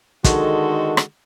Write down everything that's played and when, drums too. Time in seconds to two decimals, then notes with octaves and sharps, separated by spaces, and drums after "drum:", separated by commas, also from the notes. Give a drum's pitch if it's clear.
0.24 D3 D#3 G#3 F#4 A4, drum: kick, hi-hat
0.97 drum: rim click